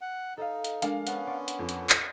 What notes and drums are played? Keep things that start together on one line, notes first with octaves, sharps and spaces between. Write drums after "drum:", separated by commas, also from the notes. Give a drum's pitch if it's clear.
F#5
D#4 A4 D#5 F5
drum: hi-hat
G#3 D4 A#4 F5, drum: hi-hat
B3 C#4 F#5 A5, drum: hi-hat
D5 C6 C#6
drum: hi-hat
F2
drum: hi-hat
drum: clap